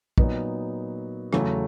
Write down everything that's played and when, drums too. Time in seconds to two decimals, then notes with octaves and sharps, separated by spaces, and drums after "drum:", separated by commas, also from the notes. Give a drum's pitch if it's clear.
0.18 A#2 F#3 B3 D#4, drum: kick
1.33 E2 C#3 F#3 A3, drum: rim click